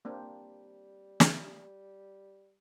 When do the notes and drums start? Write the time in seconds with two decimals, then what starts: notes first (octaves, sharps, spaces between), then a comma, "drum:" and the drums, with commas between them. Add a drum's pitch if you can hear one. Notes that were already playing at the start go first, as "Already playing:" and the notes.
0.05 G3 A#3 C4 D4
1.20 drum: snare